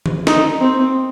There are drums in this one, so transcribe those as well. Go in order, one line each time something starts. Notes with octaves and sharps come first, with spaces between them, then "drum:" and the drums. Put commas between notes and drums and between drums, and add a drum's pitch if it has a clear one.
drum: tom D#3
D#4, drum: snare
C4